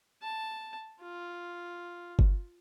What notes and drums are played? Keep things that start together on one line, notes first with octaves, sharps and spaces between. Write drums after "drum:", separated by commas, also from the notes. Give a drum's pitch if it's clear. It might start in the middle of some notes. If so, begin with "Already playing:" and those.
A5
F4
drum: kick G1